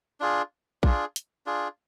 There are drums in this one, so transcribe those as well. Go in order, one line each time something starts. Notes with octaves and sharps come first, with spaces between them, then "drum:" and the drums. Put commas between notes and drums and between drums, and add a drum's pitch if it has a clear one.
D4 F4 G#4
D4 F4 G#4, drum: kick A#1
drum: hi-hat
D4 F4 G#4